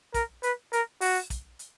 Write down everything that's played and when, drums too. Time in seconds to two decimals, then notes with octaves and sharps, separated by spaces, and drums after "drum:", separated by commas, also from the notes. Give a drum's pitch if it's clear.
0.14 A#4, drum: kick, hi-hat
0.43 B4, drum: hi-hat
0.73 A#4, drum: hi-hat
1.01 F#4, drum: open hi-hat
1.30 drum: kick, hi-hat
1.59 drum: hi-hat